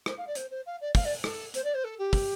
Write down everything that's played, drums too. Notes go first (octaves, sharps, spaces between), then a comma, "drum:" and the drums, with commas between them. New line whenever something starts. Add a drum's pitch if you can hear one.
C5, drum: rim click
F5
D5
C5, drum: hi-hat
C5
F5
D5
F5, drum: kick, open hi-hat
D5
A4, drum: rim click
C5, drum: hi-hat
D5
C5
A4
G4
drum: kick, open hi-hat